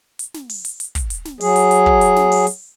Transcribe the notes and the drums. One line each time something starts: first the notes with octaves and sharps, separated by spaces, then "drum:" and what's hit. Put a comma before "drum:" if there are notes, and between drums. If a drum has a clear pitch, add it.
drum: hi-hat
drum: snare
drum: open hi-hat
drum: hi-hat
drum: hi-hat
drum: kick, hi-hat
drum: hi-hat
drum: snare
F#3 G#4, drum: open hi-hat
drum: hi-hat
drum: hi-hat
drum: kick
drum: hi-hat
drum: snare
drum: open hi-hat
drum: hi-hat